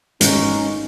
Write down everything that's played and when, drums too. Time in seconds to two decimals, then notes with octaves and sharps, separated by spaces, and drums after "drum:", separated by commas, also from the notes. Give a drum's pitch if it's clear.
0.21 G#1 C#4 D#4, drum: hi-hat